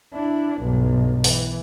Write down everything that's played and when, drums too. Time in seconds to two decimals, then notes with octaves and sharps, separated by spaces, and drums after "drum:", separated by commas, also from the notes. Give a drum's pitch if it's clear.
0.14 D4 E4
0.60 B1 G2
1.24 E3, drum: open hi-hat